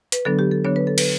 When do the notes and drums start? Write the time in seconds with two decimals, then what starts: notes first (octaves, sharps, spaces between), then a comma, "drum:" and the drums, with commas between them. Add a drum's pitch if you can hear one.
0.12 B4, drum: hi-hat
0.25 D3 F#3 B3 D4 A4
0.39 G4
0.51 A4
0.65 D3 F#3 B3 D4 C#5
0.76 B4
0.87 A4
0.98 B4, drum: cymbal